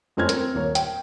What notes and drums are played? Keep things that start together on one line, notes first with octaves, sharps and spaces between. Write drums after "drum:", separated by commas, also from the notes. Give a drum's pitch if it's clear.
F2 A3 C4 C#4 F6 G#6
C4 A#4, drum: hi-hat
D#1 A#3 C#5
G5, drum: hi-hat